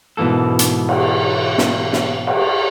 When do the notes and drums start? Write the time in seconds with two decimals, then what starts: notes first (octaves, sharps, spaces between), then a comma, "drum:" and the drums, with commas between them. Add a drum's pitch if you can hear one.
0.17 G#2 B2 E3 A#3 A4
0.59 drum: hi-hat
0.89 drum: cymbal
1.58 drum: snare
1.93 drum: snare
2.27 drum: cymbal